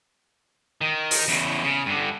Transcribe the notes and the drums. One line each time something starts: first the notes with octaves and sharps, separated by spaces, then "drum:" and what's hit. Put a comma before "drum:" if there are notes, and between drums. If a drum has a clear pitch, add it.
D#3
drum: open hi-hat
E2 C#3
C#3
G2 D3